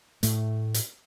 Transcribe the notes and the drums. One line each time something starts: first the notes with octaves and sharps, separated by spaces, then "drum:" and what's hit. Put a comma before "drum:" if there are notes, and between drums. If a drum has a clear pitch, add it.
A2 A3, drum: hi-hat
drum: hi-hat